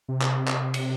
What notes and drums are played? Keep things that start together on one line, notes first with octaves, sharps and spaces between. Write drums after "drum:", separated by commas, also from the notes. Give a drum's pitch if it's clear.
C3
drum: clap
drum: clap
drum: cymbal